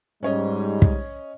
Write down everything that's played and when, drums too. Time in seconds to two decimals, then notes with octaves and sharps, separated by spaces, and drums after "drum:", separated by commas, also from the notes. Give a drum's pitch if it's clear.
0.23 G#2 G3 C#4 C#5 D#5
0.82 drum: kick